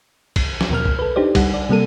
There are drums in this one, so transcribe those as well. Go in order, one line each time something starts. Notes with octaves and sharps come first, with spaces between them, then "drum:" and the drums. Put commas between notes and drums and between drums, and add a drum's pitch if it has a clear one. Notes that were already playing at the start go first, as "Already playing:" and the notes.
drum: kick, cymbal
drum: snare
D#2 B2 A#4 F6
drum: kick
A4 B4
D4 D#4 G4 C5 D5
G3 F#5, drum: kick, cymbal
D5
C3 G3 A#3 A4 D#7